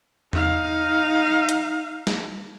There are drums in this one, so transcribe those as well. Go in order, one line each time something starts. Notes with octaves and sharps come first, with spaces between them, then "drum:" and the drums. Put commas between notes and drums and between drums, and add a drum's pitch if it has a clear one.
D#4 F5, drum: tom E2
drum: hi-hat
drum: snare